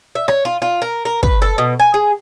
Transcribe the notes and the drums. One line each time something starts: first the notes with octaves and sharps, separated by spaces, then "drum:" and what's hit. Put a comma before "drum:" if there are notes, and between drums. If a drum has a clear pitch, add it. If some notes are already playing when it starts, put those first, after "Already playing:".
E5
C#5, drum: rim click
F4
F4
A#4
A#4
B4, drum: kick
A4
B2
G#5
G#4